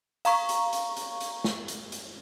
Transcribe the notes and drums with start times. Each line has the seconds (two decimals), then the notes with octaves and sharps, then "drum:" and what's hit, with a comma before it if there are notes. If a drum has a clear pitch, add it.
0.25 F5 A#5 C#6, drum: hi-hat
0.49 drum: hi-hat
0.73 drum: hi-hat
0.97 drum: hi-hat
1.21 drum: hi-hat
1.44 drum: snare
1.68 drum: hi-hat
1.92 drum: hi-hat